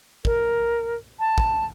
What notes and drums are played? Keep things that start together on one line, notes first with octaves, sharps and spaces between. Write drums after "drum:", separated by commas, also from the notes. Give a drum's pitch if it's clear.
A#4, drum: kick
A5
drum: kick